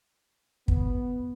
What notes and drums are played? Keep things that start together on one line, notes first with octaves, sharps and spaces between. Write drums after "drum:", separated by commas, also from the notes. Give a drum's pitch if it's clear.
B3, drum: kick